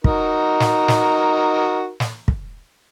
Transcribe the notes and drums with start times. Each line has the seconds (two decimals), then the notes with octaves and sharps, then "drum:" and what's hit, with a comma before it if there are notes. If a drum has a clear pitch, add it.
0.04 D#4 F#4 A#4, drum: kick
0.60 drum: snare
0.88 drum: snare
2.00 drum: snare
2.28 drum: kick